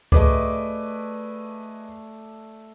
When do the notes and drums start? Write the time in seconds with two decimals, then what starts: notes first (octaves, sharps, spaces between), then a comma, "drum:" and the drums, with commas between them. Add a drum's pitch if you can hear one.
0.12 A3 G#4 B4 D5 D#5, drum: kick C#2